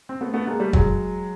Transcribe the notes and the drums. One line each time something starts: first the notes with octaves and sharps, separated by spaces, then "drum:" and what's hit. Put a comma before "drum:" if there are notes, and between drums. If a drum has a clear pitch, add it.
C4
A3 B3
A3 B3
G#3 A#3
G3 A3
F#3 G#3, drum: kick